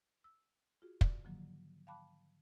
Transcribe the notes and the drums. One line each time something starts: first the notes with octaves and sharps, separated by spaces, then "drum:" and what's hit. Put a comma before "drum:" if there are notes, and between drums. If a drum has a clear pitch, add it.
E6
F4 F#4 G#4
D5, drum: kick
G#2 D3 D#3 F3 F#3 A#3
F5 G5 A5 B5 D6 F#6